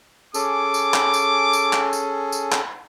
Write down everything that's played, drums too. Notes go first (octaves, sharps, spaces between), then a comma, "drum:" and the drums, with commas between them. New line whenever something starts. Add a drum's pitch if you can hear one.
C#4 G#4 A4 D6, drum: tambourine
drum: tambourine
drum: clap
drum: tambourine
drum: tambourine
drum: clap
drum: tambourine
drum: tambourine
drum: clap